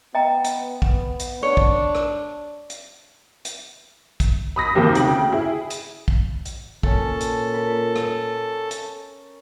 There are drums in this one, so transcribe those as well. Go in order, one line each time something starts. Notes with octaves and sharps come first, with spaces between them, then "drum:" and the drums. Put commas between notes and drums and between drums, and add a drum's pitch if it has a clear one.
B3 D#5 G5 A#5
drum: hi-hat
drum: kick
drum: hi-hat
D4 C#5
drum: kick
drum: rim click
drum: hi-hat
drum: hi-hat
drum: kick, hi-hat
B5 D#6 A#6 B6
D#2 C3 D#3 A#3
D2 C#3 G5 F#7, drum: hi-hat
E4 G#4
drum: hi-hat
drum: kick
drum: hi-hat
A#2 C#4 A4 A5, drum: kick
drum: hi-hat
A#4 B5
drum: rim click
drum: hi-hat